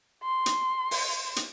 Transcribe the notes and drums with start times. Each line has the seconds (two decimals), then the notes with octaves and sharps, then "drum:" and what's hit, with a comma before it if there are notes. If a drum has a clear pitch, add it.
0.23 C6
0.46 drum: hi-hat
0.91 drum: open hi-hat
1.36 drum: hi-hat